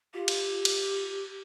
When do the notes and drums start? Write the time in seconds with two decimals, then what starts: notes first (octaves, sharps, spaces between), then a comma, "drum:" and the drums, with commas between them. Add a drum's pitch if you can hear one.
0.14 F4 G4
0.28 drum: cymbal
0.65 F4, drum: cymbal